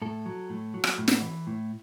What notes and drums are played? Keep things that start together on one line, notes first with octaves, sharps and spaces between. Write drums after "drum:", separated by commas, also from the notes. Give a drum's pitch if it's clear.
A2 A4
F#3
A2
F#3
drum: rim click
A2
drum: snare
E3
A2